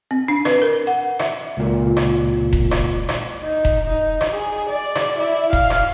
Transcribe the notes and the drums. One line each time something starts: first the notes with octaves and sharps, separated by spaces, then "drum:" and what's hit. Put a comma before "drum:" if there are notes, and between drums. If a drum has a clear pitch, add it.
C4
D4
B4, drum: rim click
A#4
F#5
E5, drum: rim click
C#2 A#2
drum: rim click
drum: kick E1
drum: rim click
drum: rim click
D#4
drum: kick E1
D#4
drum: rim click
G#4
D5
drum: rim click
E4
F5, drum: kick E1
drum: rim click